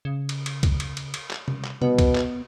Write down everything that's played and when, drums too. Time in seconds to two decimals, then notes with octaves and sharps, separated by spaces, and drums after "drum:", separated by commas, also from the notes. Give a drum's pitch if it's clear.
0.05 C#3
0.29 drum: cymbal
0.46 drum: cymbal
0.63 drum: kick, cymbal
0.80 drum: cymbal
0.97 drum: cymbal
1.14 drum: cymbal
1.31 drum: clap
1.48 drum: tom C3
1.65 drum: clap
1.82 B2 B3, drum: tom C3
1.99 drum: kick, cymbal
2.15 drum: clap